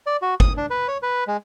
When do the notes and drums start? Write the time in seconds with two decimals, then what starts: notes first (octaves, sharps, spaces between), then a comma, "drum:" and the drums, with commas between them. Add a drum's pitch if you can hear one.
0.06 D5
0.22 F#4
0.40 D#6, drum: kick G1
0.57 D4
0.70 B4
0.88 C#5
1.03 B4
1.27 G#3